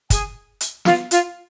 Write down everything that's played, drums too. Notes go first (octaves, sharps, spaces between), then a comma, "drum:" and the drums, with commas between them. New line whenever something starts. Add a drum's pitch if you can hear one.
G#4 G#5, drum: kick, hi-hat
drum: hi-hat
F4 F5, drum: snare
F4 F5, drum: hi-hat